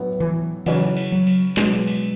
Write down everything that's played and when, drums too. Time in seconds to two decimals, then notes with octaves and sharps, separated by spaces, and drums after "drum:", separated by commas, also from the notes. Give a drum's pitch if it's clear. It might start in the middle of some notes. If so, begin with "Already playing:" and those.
Already playing: A2 F#3 B3 D4 F#4
0.20 E3
0.66 C#3 E3 F#3 C#4 F#4, drum: cymbal
0.97 drum: cymbal
1.12 F#3
1.27 drum: cymbal
1.57 B2 F#3 G#3 B3 D4, drum: clap
1.87 drum: cymbal